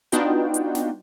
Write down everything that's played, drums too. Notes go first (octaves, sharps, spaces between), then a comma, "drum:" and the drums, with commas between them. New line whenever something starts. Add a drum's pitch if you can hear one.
B3 D4 D#4 F4 F#4 G5, drum: hi-hat
drum: hi-hat
drum: snare